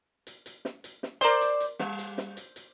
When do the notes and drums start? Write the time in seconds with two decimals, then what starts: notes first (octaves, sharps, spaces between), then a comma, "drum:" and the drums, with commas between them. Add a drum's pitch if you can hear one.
0.27 drum: hi-hat
0.46 drum: hi-hat
0.65 drum: snare
0.84 drum: hi-hat
1.03 drum: snare
1.21 A#4 C5 D5 C6
1.41 drum: hi-hat
1.60 drum: hi-hat
1.79 G3, drum: snare
1.99 drum: hi-hat
2.18 drum: snare
2.37 drum: hi-hat
2.56 drum: hi-hat